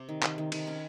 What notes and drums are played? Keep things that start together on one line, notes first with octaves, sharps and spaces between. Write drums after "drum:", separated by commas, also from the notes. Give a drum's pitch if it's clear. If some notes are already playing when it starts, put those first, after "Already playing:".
Already playing: C3 G4
D#3
D#3, drum: clap
D#3
D#3, drum: cymbal
C#4